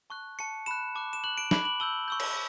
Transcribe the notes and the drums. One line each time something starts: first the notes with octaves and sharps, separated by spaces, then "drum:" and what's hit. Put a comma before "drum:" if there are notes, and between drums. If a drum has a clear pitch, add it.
A5 C#6 F#6
A5 C#6 F#6 C#7
B5 F#6 E7
A5 D6 F#6
E7
C#6 F#6 F#7
D7
B5 D6 F#6 F#7, drum: snare
F#7
A5 E6 G6 G7
C#6 E6 G6
drum: cymbal